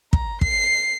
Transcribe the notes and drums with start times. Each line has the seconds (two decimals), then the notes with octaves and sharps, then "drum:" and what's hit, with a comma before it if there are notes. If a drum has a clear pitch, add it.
0.13 A#5, drum: kick
0.41 C7, drum: kick